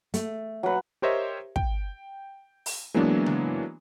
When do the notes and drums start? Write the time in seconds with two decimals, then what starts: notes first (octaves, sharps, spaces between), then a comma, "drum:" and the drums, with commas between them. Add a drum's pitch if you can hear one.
0.14 A3, drum: hi-hat
0.63 F#3 B4
1.02 G4 A#4 C5 C#5 D#5 E5
1.56 G5, drum: kick
2.66 drum: open hi-hat
2.94 E3 F#3 G#3 A#3 B3 D4
3.26 drum: tom C#3